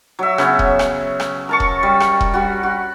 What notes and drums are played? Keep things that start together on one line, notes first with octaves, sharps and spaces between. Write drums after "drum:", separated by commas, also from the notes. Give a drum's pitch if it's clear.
F#3 E5
C#3 B3, drum: rim click
drum: kick E1
drum: rim click
drum: rim click
A#4 A5 C#6
drum: kick E1
G3
drum: rim click
drum: kick E1
G3 F#4
F#4